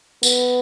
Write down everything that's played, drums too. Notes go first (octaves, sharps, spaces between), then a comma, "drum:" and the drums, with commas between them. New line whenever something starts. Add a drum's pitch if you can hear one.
B3, drum: tambourine